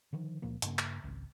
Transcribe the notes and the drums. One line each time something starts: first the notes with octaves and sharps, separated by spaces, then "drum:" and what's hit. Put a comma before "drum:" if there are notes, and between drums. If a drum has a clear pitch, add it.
D3 D#3 F3
C#2 A#2 F3 A#3
G2 C#3 A#3, drum: hi-hat
drum: clap
G#1 C#2